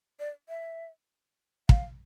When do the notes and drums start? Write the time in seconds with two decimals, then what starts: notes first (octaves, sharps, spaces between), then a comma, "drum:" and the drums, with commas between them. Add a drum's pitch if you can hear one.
0.20 D5
0.49 E5
1.69 F5, drum: kick